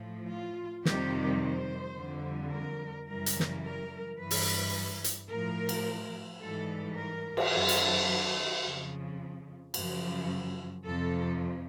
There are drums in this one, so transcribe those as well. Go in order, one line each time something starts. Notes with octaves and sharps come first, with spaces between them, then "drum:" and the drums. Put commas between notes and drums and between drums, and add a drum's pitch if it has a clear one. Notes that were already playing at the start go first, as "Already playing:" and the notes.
Already playing: A2 F3
F4
F2 C3 D#3 G3 G4, drum: snare
C5
F2 D3 G3
A#4
F#2 C#3 E3 G3 A#4
drum: hi-hat
drum: snare
A#4
G2 E3 G3 B4
drum: open hi-hat
drum: hi-hat
A2 F3 A#4
drum: cymbal
G#2 E3 G3 A4
A#4
drum: cymbal
F#2 D#3 F#3 A4
drum: hi-hat
F2 C#3 F3
F#2 C#3 F3, drum: cymbal
F2 C3 F3 A4